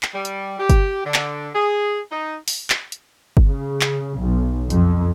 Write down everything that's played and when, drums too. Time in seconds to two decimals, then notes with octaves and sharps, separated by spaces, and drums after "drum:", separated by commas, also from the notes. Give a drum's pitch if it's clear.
0.03 drum: clap
0.14 G3
0.25 drum: hi-hat
0.59 G4
0.69 drum: kick G1, hi-hat
1.05 D3
1.14 drum: clap
1.55 G#4
2.11 D#4
2.48 drum: open hi-hat
2.70 drum: clap
2.92 drum: hi-hat
3.37 drum: kick G1
3.47 C#3
3.81 drum: clap
4.19 B1
4.70 F2, drum: hi-hat